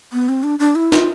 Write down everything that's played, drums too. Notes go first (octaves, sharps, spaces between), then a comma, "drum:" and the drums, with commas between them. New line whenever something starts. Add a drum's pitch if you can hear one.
B3
C4
D4
D4
E4
F4, drum: snare